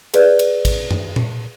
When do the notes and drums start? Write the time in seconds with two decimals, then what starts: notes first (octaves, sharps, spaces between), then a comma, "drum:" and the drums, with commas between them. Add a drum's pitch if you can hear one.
0.14 G#4 B4 D5, drum: cymbal
0.39 drum: cymbal
0.65 drum: kick, cymbal
0.91 drum: tom F#2
1.16 drum: tom A#2